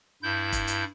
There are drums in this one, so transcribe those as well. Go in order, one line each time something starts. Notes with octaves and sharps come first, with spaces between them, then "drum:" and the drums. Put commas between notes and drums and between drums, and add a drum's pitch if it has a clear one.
G2 E4 G6
drum: kick, hi-hat
drum: hi-hat